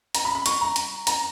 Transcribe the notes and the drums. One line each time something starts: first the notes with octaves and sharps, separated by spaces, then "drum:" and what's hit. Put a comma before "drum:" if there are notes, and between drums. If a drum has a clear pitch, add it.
A#5, drum: hi-hat
B5
B5
C#6, drum: hi-hat
A#5
drum: hi-hat
A#5, drum: hi-hat